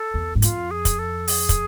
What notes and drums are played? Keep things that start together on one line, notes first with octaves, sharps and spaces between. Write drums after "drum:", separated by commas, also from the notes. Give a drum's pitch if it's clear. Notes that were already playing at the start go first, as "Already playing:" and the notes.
Already playing: A4
E2
G#2
F2 F4, drum: hi-hat
G#4
drum: kick, hi-hat
A4
G#4, drum: open hi-hat
drum: kick, hi-hat